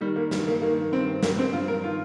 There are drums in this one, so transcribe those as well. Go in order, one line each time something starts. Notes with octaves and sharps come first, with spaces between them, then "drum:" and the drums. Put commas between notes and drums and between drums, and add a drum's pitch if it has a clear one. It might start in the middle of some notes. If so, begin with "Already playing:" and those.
D#3 G3
A#3
G2 G3, drum: snare
A#3
D#3 A#3
G2 C4
G2 A#3, drum: snare
C4
G2 F4
A#4
D#3 F4